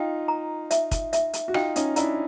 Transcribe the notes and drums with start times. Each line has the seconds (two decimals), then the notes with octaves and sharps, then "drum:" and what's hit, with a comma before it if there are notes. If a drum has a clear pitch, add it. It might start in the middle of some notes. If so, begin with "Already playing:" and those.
Already playing: D#4 F4 G5
0.28 A#5
0.71 E5, drum: hi-hat
0.91 drum: kick, hi-hat
1.13 E5, drum: hi-hat
1.33 drum: hi-hat
1.48 F#4
1.54 D#4 F4 G5, drum: rim click
1.76 C#4 D#4, drum: hi-hat
1.96 D4 E4 A#5, drum: hi-hat